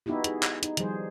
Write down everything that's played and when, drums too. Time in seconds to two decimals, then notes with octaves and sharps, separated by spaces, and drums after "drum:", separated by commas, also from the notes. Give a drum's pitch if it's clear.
0.06 B3 D#4 E4 F#4 G4
0.24 G#4, drum: hi-hat
0.43 drum: clap
0.63 D#4, drum: hi-hat
0.77 D#3 F3 G3 G#4 C5, drum: hi-hat